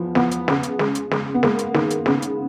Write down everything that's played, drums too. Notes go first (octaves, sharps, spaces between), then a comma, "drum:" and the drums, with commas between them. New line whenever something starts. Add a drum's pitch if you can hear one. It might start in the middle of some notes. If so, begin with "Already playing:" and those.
Already playing: E2 F3 B3
F3 B3, drum: snare
drum: hi-hat
C#3, drum: snare
drum: hi-hat
G#3, drum: snare
drum: hi-hat
G#3, drum: snare
B3
G#3 A#3, drum: snare
drum: hi-hat
D#3, drum: snare
drum: hi-hat
C#3 B3, drum: snare
drum: hi-hat